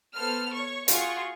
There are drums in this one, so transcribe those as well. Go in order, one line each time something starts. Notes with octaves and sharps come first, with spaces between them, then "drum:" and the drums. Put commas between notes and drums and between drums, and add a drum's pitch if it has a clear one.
B3 A4 C5 F6
C#5 C#6
F4 F#4 G#4 F#5 C#6, drum: hi-hat